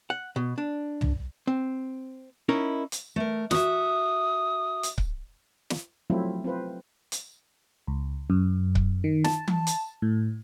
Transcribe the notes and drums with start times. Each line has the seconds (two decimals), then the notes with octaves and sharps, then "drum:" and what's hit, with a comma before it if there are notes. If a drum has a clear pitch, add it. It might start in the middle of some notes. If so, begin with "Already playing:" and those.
0.10 F#5
0.36 B2
0.58 D4
1.01 drum: tom
1.47 C4
2.49 C#4 D#4 E4 A#4
2.92 drum: hi-hat
3.16 A3 A#4
3.51 F#4 E5 D#6, drum: snare
4.83 drum: hi-hat
4.98 drum: kick C#1
5.70 drum: snare
6.10 F3 F#3 A3 C4 E4 F4
6.44 C4 F4 B4 C5
7.12 drum: hi-hat
7.87 C#2
8.30 F#2
8.75 drum: kick C#1
9.04 D#3
9.24 A5, drum: snare
9.48 drum: tom E3
9.67 drum: hi-hat
10.02 A2